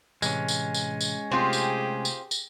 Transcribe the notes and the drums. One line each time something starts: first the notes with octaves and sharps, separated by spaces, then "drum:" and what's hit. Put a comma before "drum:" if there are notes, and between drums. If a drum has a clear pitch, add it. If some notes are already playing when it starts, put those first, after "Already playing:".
A2 C3 E3 G#3 C#4, drum: tambourine
drum: tambourine
drum: tambourine
drum: tambourine
C3 A3 C4 F4 G4 G#4
drum: tambourine
drum: tambourine
drum: tambourine